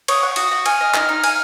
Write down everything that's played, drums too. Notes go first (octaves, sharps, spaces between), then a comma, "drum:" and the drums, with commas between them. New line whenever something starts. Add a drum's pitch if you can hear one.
C#5 D#6, drum: cymbal
F#5 C#6
F#4 D#6, drum: cymbal
F#4
G#5 F6, drum: cymbal
D#5
D#4, drum: clap
D#4
G#5, drum: cymbal